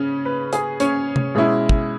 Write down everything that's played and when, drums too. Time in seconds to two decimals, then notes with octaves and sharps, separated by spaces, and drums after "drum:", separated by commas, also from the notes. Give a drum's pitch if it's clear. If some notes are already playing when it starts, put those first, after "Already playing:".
Already playing: C#3 C#4
0.25 B4
0.53 G#4, drum: hi-hat
0.80 C#4 C#5, drum: hi-hat
1.16 drum: tom C3
1.35 B2 G#3 C#4 E4
1.69 drum: kick